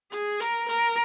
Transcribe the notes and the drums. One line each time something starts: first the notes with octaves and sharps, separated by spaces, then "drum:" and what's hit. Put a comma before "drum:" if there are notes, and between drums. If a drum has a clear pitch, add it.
G#4, drum: hi-hat
A#4, drum: hi-hat
A#4, drum: hi-hat